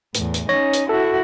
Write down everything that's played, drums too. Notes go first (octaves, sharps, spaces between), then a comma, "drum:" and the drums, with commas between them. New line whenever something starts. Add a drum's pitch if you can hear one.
E2 A2, drum: hi-hat
drum: hi-hat
C#4 D#4 C#5 A#6
drum: hi-hat
E4 F#4 A4